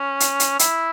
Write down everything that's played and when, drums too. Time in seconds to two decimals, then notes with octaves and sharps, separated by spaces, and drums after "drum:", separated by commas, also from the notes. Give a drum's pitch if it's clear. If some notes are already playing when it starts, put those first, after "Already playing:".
Already playing: C#4
0.20 drum: hi-hat
0.40 drum: hi-hat
0.59 E4, drum: hi-hat